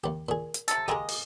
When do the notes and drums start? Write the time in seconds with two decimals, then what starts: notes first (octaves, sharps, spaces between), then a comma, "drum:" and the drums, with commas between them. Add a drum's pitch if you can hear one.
0.04 D#2 G4
0.29 A#2 G#4
0.54 drum: hi-hat
0.68 C3 A4, drum: hi-hat
0.88 G#3 A#3 G4 G#4 D#5
1.09 drum: open hi-hat